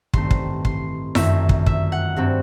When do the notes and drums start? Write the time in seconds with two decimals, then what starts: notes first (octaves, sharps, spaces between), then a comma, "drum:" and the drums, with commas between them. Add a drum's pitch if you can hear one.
0.14 A1 G2 D#3 A3 C4 C6, drum: kick
0.31 drum: kick
0.65 C6, drum: kick
1.15 G1 F#2 D#3 A3 E5, drum: snare E4
1.49 drum: kick
1.66 E5, drum: kick
1.92 F#5
2.16 G2 F#3 C4